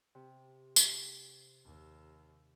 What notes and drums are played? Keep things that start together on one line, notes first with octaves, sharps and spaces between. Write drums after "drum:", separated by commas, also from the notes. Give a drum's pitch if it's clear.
C3
drum: tambourine
D#2